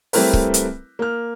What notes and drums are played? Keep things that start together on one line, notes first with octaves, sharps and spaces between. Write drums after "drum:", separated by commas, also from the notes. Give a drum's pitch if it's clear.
G3 A3 C4 E4 A#4 B4, drum: open hi-hat
drum: kick C#1
drum: hi-hat
A#3 F6